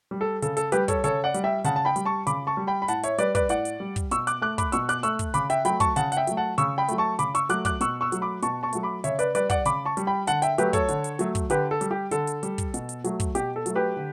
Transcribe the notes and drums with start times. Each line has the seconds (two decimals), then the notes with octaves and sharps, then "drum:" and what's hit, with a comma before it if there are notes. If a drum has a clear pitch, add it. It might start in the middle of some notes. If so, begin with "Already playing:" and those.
0.11 G3
0.21 A4
0.42 C#3 A4, drum: hi-hat
0.57 A4, drum: hi-hat
0.72 G3 G4 B4, drum: hi-hat
0.88 A4 C#5, drum: kick, hi-hat
1.04 C#3 A4 C#5, drum: hi-hat
1.24 D5 F#5
1.34 G3, drum: hi-hat
1.44 E5 G5
1.64 C#3 F#5 A5, drum: hi-hat
1.76 A5
1.85 G5 B5
1.96 G3, drum: hi-hat
2.05 A5 C#6
2.27 C#3 B5 D6, drum: hi-hat
2.47 A5 C#6
2.57 G3
2.67 G5 B5
2.82 B5
2.88 A2 F#5 A5, drum: hi-hat
3.03 C#5 E5, drum: hi-hat
3.18 G3 B4 D5, drum: hi-hat
3.35 B4 D5, drum: kick, hi-hat
3.49 A2 D5 F#5, drum: hi-hat
3.65 drum: hi-hat
3.80 G3
3.96 drum: kick, hi-hat
4.11 B2 C#6 E6, drum: hi-hat
4.27 D6 F#6, drum: hi-hat
4.42 A3 D6 F#6
4.58 B5 D6, drum: kick, hi-hat
4.72 B2 C#6 E6, drum: hi-hat
4.89 D6 F#6, drum: hi-hat
5.03 A3 C#6 E6, drum: hi-hat
5.19 drum: kick, hi-hat
5.34 C#3 B5 D6, drum: hi-hat
5.50 E5 G5, drum: hi-hat
5.65 F#3 A3 G5 B5, drum: hi-hat
5.80 A5 C#6, drum: kick, hi-hat
5.96 C#3 F#5 A5, drum: hi-hat
6.12 F#5, drum: hi-hat
6.17 E5 G5
6.27 F#3 A3, drum: hi-hat
6.37 F#5 A5
6.58 C#3 C#6 E6, drum: hi-hat
6.78 G5 B5
6.88 F#3 A3, drum: hi-hat
6.98 A5 C#6
7.19 C#3 B5 D6, drum: hi-hat
7.35 C#6 E6, drum: hi-hat
7.49 F#3 A3 D6 F#6, drum: hi-hat
7.65 D6 F#6, drum: kick, hi-hat
7.81 B2 C#6 E6, drum: hi-hat
8.01 C#6 E6
8.12 F#3 A3, drum: hi-hat
8.22 B5 D6
8.42 B2 A5 C#6, drum: hi-hat
8.63 A5 C#6
8.73 F#3 A3, drum: hi-hat
8.83 B5 D6
9.04 C#3 C#5 E5, drum: hi-hat
9.19 B4 D5, drum: hi-hat
9.35 G3 B4 D5, drum: hi-hat
9.50 D5 F#5, drum: kick, hi-hat
9.65 C#3 B5 D6, drum: hi-hat
9.85 A5 C#6
9.97 G3, drum: hi-hat
10.07 G5 B5
10.27 D3 F#5 A5, drum: hi-hat
10.42 E5 G5, drum: hi-hat
10.58 F#3 A3 G4 B4, drum: hi-hat
10.73 A4 C#5, drum: kick, hi-hat
10.88 D3, drum: hi-hat
11.04 drum: hi-hat
11.19 F#3 A3, drum: hi-hat
11.35 drum: kick, hi-hat
11.50 D3 G4 B4, drum: hi-hat
11.71 A4
11.81 G3, drum: hi-hat
11.91 G4
12.11 D3 A4, drum: hi-hat
12.27 drum: hi-hat
12.43 G3, drum: hi-hat
12.58 drum: kick, hi-hat
12.74 B2, drum: hi-hat
12.89 drum: hi-hat
13.04 F#3 A3, drum: hi-hat
13.20 drum: kick, hi-hat
13.35 B2 G4, drum: hi-hat
13.56 A4
13.66 F#3 A3, drum: hi-hat
13.75 G4 B4
13.96 D3